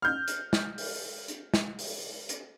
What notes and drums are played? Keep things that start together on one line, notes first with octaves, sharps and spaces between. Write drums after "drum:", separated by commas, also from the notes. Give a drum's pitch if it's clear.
F6 G6
drum: hi-hat
drum: snare
drum: open hi-hat
drum: hi-hat
drum: snare
drum: open hi-hat
drum: hi-hat